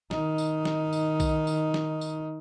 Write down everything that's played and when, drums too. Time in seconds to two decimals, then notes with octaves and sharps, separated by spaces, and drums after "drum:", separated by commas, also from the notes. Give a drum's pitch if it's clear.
0.11 D#3 D#4, drum: snare
0.38 drum: tambourine
0.65 drum: snare
0.93 drum: tambourine
1.20 drum: kick B1, tambourine
1.47 drum: tambourine
1.74 drum: snare
2.01 drum: tambourine